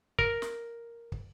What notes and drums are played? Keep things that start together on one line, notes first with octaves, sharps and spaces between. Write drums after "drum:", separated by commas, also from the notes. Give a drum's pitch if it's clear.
A#4, drum: kick
drum: snare
drum: kick